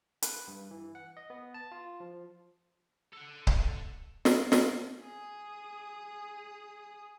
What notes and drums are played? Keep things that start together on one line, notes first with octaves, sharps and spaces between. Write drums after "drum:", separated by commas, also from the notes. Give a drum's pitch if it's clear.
B4, drum: hi-hat
G2
E3
F#5
D#5
B3
A5
F4
F3
A4 F#5
drum: kick C#1
drum: snare
drum: snare
G#4 D#6